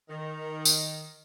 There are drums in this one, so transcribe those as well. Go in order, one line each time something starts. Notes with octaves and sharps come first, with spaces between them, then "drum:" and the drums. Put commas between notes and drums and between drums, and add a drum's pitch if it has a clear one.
D#3
drum: tambourine